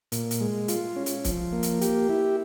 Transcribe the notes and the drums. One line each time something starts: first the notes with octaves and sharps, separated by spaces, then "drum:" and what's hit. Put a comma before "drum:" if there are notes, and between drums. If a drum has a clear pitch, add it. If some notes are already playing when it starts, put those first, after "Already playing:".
A#2, drum: hi-hat
drum: hi-hat
G#3
F4, drum: hi-hat
C#4
drum: hi-hat
F3, drum: kick C#1, hi-hat
A#3
drum: hi-hat
G4, drum: hi-hat
E4